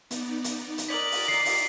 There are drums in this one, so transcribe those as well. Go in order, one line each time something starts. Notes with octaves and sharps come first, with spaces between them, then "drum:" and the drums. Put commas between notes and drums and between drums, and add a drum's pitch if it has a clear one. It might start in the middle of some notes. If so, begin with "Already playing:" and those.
B3 D#4 D5, drum: hi-hat
drum: hi-hat
drum: hi-hat
A#4 D5 D#5 F#6 B6 F#7
drum: open hi-hat
C7
drum: open hi-hat